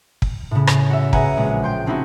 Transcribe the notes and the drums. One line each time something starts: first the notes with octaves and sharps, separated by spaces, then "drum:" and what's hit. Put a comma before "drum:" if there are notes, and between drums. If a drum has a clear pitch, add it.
drum: kick
A2 C#3
drum: rim click
F#4 E5
G#4 B4 F#5 G#5 A#5, drum: kick
A#1 G#3
G5 C6 G6
A3 C4 C#4 D#4 E4 F#4